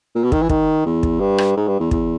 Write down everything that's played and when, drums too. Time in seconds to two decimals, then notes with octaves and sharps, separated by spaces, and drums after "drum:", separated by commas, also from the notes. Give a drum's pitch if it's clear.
0.15 A#2
0.24 B2
0.32 D#3, drum: kick
0.42 E3
0.50 D#3, drum: kick
0.86 E2
1.03 drum: kick
1.20 G2
1.38 drum: rim click
1.57 G#2
1.68 G2
1.80 E2
1.91 E2, drum: kick